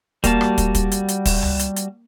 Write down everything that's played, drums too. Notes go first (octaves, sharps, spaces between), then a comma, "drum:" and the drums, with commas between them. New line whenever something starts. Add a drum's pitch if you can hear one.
G3 A#3 F#4 A5, drum: kick, hi-hat
drum: rim click
drum: kick, hi-hat
drum: kick, hi-hat
drum: hi-hat
drum: hi-hat
drum: kick, open hi-hat
drum: tom C#2
drum: hi-hat
drum: hi-hat